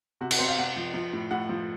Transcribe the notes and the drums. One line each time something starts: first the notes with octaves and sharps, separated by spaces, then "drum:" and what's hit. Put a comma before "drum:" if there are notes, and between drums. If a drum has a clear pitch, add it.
C3 F#4
F#4, drum: cymbal
C3 C5
F5
C3 F#5
F3
F3
A2
A2 F#5
F3